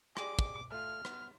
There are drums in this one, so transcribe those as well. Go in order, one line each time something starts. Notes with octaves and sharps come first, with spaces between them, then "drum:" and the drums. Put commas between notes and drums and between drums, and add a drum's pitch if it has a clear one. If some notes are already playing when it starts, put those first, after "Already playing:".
G4 G#4 D5 D6, drum: rim click
drum: kick
A3 F4 F6
B3, drum: rim click